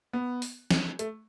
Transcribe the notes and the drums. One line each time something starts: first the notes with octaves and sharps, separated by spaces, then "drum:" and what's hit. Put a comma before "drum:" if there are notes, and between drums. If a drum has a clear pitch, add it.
B3
drum: open hi-hat
drum: snare
A3, drum: hi-hat